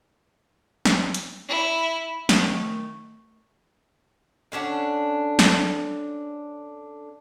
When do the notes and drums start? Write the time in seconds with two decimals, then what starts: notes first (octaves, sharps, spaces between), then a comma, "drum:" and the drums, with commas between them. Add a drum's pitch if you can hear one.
0.85 drum: snare
1.14 drum: hi-hat
1.48 E4
2.29 D#3 A3, drum: snare
4.52 D3 C#4 D4 F#5
5.39 drum: snare